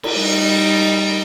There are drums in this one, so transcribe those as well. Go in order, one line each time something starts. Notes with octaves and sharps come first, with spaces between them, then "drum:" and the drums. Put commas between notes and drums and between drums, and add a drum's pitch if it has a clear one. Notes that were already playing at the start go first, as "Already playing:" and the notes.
drum: cymbal
G3 D#4